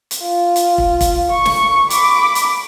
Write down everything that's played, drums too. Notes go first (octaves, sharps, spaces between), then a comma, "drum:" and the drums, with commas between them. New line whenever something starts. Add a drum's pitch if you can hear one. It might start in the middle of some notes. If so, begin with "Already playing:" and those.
drum: hi-hat
F4
drum: hi-hat
drum: kick
drum: kick, hi-hat
C#6
drum: snare
B5 D6, drum: hi-hat
drum: hi-hat